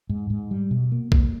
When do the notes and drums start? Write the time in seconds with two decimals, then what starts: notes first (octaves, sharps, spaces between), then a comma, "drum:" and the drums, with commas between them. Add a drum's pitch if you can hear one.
0.09 G#2
0.30 G#2
0.51 G3
0.71 B2
0.92 A#3
1.12 A#3, drum: kick B1